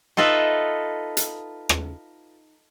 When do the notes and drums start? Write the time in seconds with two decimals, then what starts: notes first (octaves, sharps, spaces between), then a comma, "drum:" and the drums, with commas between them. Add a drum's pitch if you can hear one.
0.17 D#4 F4 A4 B4 D#5 E5
1.17 drum: hi-hat
1.69 drum: rim click